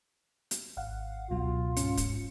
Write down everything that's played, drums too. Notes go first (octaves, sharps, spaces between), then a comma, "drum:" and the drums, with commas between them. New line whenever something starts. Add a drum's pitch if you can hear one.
drum: hi-hat
G#1 F5 F#5
C#2 B2 F#3 F4
G#2 C#4 C#7, drum: hi-hat
drum: kick, hi-hat